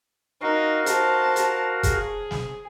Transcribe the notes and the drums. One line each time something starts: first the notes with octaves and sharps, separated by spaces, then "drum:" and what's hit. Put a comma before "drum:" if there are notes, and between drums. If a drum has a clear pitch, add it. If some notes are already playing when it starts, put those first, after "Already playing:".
D#4 F#4 A#4 F5
C5 A5, drum: hi-hat
drum: hi-hat
G#4, drum: kick, hi-hat
drum: snare